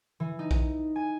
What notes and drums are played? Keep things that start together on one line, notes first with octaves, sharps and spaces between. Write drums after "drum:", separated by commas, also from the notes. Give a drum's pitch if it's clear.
E3
D#4
drum: kick
G#5